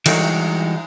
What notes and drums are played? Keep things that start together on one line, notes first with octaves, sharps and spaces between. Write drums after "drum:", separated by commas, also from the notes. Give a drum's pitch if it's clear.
E3 G3 G#3 D#4 F#4, drum: cymbal